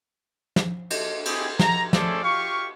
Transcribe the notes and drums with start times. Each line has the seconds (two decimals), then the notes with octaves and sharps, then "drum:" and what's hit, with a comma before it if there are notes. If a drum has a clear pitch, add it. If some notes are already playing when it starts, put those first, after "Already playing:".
0.56 drum: snare
0.90 drum: cymbal
1.25 C4 E4 G4 G#4, drum: cymbal
1.59 A#5, drum: snare
1.93 A3 C#4 G#4 A4 C5 D5, drum: snare
2.23 F4 G4 F5 C#6